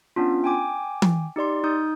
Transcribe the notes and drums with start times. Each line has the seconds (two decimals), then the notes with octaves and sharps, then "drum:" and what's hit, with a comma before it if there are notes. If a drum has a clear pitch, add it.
0.16 B3 C#4 D4 F4
0.44 G5 G#5 D6
1.02 drum: tom
1.36 D#4 G4 D5 C6
1.64 D#4 D#6 G6